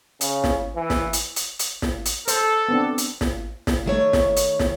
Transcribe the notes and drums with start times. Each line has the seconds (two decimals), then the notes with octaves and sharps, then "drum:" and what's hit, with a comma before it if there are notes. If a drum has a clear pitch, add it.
0.21 C#3, drum: hi-hat
0.44 drum: snare
0.76 E3
0.90 drum: snare
1.13 drum: hi-hat
1.36 drum: hi-hat
1.59 drum: hi-hat
1.82 drum: snare
2.05 drum: hi-hat
2.28 A4 C5, drum: hi-hat
2.68 B3 C4 D4
2.98 drum: hi-hat
3.21 drum: snare
3.67 drum: snare
3.86 D#3 A3 C#5
4.13 drum: snare
4.36 drum: hi-hat
4.60 drum: snare